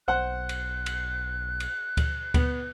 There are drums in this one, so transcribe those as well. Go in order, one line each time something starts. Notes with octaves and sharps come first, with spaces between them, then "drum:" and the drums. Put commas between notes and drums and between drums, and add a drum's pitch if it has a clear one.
B1 C5 F#5 F#6
drum: cymbal
drum: cymbal
drum: cymbal
drum: kick D2, cymbal
B3, drum: kick D2, cymbal